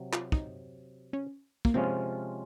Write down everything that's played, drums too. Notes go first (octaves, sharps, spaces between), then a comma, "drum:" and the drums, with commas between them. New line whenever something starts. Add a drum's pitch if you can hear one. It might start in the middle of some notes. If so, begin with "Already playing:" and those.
Already playing: C3 F#3
F4, drum: clap
D#4, drum: kick
C#4
A#3, drum: kick
C3 F3 G#3 C4 C#4 F4